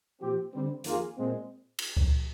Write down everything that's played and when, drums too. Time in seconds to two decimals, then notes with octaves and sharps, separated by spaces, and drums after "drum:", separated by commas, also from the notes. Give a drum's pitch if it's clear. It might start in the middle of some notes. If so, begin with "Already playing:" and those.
0.20 A#2 F3 C4 G4
0.52 D3 G3 C4
0.84 F2 D#3 A#3 F4 G#4, drum: hi-hat
1.17 A#2 G#3 C4
1.79 drum: cymbal
1.97 drum: kick C#2